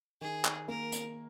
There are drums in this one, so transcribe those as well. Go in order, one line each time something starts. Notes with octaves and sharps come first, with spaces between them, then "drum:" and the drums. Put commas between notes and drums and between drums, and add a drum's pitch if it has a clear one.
D#3 G#4
drum: clap
A#3 A#4
drum: hi-hat